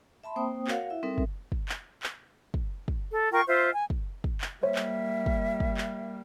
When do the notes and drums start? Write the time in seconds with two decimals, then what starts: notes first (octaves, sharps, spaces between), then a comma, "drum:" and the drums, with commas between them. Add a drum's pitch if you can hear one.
0.24 E5 A5 B5 C6
0.36 A#3 C4 C5 G5 D#6
0.67 F#4 A#4 C#5 F5 F#5, drum: clap
0.90 E4 E5
1.03 G3 C4 D#4 A4 A#4 E5
1.18 drum: kick
1.52 drum: kick
1.69 drum: clap
2.03 drum: clap
2.54 drum: kick
2.88 drum: kick
3.13 A4
3.32 F4 A#4 G5 C#6
3.47 F4 C5 E5
3.73 G#5
3.90 drum: kick
4.24 drum: kick
4.41 drum: clap
4.63 G3 A#3 C5 C#5 E5
4.75 drum: clap
5.26 drum: kick
5.60 drum: kick
5.77 drum: clap